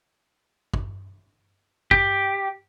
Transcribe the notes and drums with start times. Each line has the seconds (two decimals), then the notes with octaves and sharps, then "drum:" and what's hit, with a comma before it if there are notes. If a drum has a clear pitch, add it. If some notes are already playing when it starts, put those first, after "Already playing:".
0.74 drum: kick
1.91 G4, drum: kick